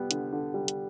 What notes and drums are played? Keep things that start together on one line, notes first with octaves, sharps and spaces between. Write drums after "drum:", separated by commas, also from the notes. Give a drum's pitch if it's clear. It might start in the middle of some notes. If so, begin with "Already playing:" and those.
Already playing: G3 B3
D3, drum: hi-hat
D3
G3
drum: hi-hat